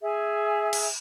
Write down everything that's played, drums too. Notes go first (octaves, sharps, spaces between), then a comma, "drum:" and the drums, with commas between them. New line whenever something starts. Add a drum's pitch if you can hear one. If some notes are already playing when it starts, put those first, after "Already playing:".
G#4 E5 G#5
drum: cymbal